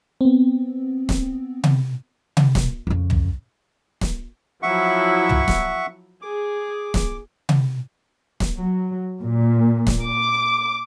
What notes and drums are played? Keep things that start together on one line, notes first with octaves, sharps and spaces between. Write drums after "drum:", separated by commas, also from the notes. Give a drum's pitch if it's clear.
B3 C4
drum: snare
drum: tom C3
drum: tom C3
drum: snare
F2 C#3
drum: tom
drum: snare
F3 F#3 E4 E5 F#5 C#6
drum: tom
drum: snare
G#4 D6
drum: snare
drum: tom C3
drum: snare
F#3
A#2
drum: snare
D6